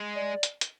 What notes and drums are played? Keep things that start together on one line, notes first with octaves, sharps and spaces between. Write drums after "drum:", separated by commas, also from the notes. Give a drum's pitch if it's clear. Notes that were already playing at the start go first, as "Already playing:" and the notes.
Already playing: G#3
D5
drum: hi-hat
drum: hi-hat